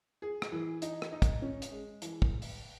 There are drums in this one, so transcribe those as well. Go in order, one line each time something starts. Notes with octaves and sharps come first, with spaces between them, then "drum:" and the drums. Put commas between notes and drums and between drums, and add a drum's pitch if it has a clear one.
G#4
drum: rim click
E3
D#4, drum: hi-hat
drum: rim click
D#4
drum: kick, hi-hat
C#4
drum: hi-hat
G#3
E3, drum: hi-hat
drum: kick
drum: open hi-hat